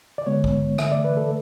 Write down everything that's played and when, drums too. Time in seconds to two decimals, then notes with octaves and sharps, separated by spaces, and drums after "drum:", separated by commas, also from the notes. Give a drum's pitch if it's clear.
0.18 D5
0.26 D3 G#3 B3 C#5
0.44 drum: kick A#1
0.78 D3 A3 E5, drum: rim click
0.92 D5
1.04 B4
1.17 A4